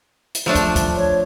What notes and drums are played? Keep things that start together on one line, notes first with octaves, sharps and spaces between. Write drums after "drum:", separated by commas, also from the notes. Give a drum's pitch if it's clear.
drum: hi-hat
F3 A3 D4
drum: kick, hi-hat
drum: kick, hi-hat
C#5